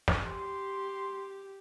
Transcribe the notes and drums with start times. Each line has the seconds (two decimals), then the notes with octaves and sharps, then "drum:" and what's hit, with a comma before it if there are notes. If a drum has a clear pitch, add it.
0.08 drum: snare
0.25 G4 C6